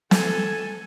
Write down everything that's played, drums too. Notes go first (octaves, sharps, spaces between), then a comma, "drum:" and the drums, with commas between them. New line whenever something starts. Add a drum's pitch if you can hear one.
A4 G#5, drum: snare